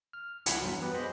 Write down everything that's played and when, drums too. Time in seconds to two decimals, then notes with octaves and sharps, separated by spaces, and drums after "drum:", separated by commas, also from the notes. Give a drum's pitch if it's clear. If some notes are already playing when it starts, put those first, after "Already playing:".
0.13 F6
0.46 C2 F#5 G#5 B5 C6, drum: hi-hat
0.61 E2 G2 F#3
0.82 B3 G4 B4
0.94 G#4 C5 D#5 B5